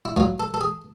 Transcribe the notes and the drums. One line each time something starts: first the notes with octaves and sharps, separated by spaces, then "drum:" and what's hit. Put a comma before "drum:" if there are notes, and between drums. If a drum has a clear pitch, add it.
E4
A2 F#3 F4, drum: kick
A4
A4
G#4